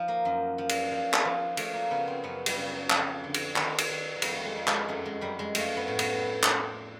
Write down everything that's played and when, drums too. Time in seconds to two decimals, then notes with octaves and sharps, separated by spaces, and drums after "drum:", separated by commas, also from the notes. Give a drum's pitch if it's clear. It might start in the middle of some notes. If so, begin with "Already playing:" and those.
Already playing: F3 D#4
0.08 A#3
0.25 F#2
0.58 F3
0.69 drum: cymbal
0.92 F3
1.13 drum: clap
1.25 F3
1.57 F3 A3, drum: cymbal
1.74 A#3
1.91 C#3 B3
2.08 C4
2.24 F#2 B3
2.46 G3, drum: cymbal
2.57 C#3
2.68 F#3
2.90 F2, drum: clap
3.24 D3
3.34 drum: cymbal
3.56 D#3, drum: clap
3.78 drum: cymbal
3.89 D#3
4.16 F#3
4.22 F2 G3, drum: cymbal
4.35 A3
4.45 G#3
4.55 F2
4.67 G#3, drum: clap
4.89 F#2 A3
5.05 G#3
5.21 F#2 G3
5.39 G#3
5.55 F3 A3, drum: cymbal
5.77 B3
5.88 A2
5.99 B3, drum: cymbal
6.43 drum: clap